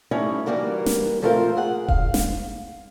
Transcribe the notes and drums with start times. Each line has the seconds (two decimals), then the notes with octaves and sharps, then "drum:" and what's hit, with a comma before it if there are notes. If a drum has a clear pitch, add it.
0.11 G3 A3 C#4 D#4 E4
0.46 E3 G3 A#3 F#4 A#4
0.86 drum: snare
1.22 A#2 F3 A3 C4 F4 A#4
1.57 G#4 F#5
1.88 F5, drum: kick D#1
2.14 drum: snare